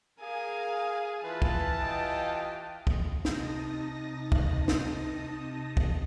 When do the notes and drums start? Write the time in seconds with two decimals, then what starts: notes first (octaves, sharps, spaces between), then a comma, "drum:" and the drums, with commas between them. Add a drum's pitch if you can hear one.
0.21 G#4 A#4 F5 G#5
1.24 E3 F4 B4 A5
1.42 drum: kick
1.81 F4 G4 D#5 F5 G5
2.87 drum: kick
3.25 C3 D#4 A5 D#6 A#6, drum: snare
4.32 drum: kick
4.68 drum: snare
5.77 drum: kick